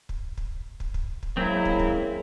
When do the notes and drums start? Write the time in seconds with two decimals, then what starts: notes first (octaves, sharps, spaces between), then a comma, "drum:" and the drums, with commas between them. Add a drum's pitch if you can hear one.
0.09 drum: kick
0.38 drum: kick
0.80 drum: kick
0.94 drum: kick
1.23 drum: kick
1.37 C#3 F#3 G#3 A#3 C4 E4
1.65 drum: kick
1.79 drum: kick